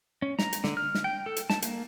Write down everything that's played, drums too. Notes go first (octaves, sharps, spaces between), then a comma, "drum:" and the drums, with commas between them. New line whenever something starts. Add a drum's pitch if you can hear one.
C#4
A#5, drum: snare
drum: hi-hat
D3, drum: snare
F6
drum: snare
G5
A4
drum: hi-hat
A5, drum: snare
A#3, drum: hi-hat